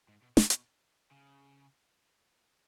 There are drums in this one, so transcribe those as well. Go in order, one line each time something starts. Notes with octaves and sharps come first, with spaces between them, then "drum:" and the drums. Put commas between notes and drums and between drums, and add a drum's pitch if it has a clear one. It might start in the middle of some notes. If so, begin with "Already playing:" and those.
G#2
B2
B2, drum: snare
drum: hi-hat
C#3